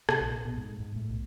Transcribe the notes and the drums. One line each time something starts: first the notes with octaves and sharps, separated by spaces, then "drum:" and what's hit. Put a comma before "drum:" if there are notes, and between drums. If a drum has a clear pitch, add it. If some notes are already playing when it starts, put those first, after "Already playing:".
C3, drum: rim click
A#1
B2
G#2
G#2
A2
B1